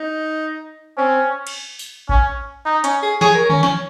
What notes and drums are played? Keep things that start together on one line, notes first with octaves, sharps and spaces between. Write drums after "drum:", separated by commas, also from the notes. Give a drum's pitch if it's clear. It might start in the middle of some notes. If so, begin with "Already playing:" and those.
Already playing: D#4
C4 C#4
drum: cymbal
drum: tambourine
C#4, drum: kick A1
D#4
C#4, drum: hi-hat
G#4
G#4 C#5, drum: snare
A#4
C#4, drum: tom D3
C#4, drum: snare